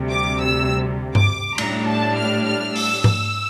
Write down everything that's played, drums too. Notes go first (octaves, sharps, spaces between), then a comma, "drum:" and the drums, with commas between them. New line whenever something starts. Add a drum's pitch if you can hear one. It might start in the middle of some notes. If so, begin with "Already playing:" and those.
Already playing: D2 C3 G3
D6
E6
D6, drum: tom G2
A2 G3 D4 A#5, drum: cymbal
A5
F6
F6
E6, drum: open hi-hat
E6, drum: tom G#2